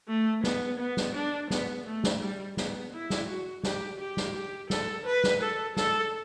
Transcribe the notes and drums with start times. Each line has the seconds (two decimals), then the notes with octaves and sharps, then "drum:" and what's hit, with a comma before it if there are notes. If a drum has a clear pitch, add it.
0.08 A3
0.44 B3, drum: snare
0.79 B3
0.97 drum: snare
1.14 D4
1.50 B3, drum: snare
1.86 A3
2.04 drum: snare
2.21 G3
2.57 B3, drum: snare
2.93 E4
3.10 drum: snare
3.28 F#4
3.63 G4, drum: snare
3.99 G4
4.17 drum: snare
4.34 G4
4.70 A4, drum: snare
5.05 B4
5.24 drum: snare
5.41 A4
5.77 A4, drum: snare